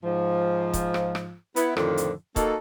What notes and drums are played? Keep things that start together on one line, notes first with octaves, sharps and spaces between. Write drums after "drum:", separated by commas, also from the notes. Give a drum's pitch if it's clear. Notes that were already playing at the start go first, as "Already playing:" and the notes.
G#2 F3
drum: kick, hi-hat
drum: rim click
drum: rim click
B3 E4, drum: hi-hat
F2 A2 D3 D#3 F3, drum: rim click
drum: hi-hat
A#3 D#4 F#4 A4, drum: kick, hi-hat